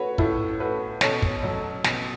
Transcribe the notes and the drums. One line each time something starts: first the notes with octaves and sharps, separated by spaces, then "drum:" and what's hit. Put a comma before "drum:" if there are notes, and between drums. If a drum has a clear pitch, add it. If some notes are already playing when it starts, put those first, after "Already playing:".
Already playing: A3 F#4 B4 C#5
A2 E4 A4, drum: kick
A3 F#4 B4
B2 A4 C#5, drum: snare
drum: kick
F#3 A3
B2, drum: snare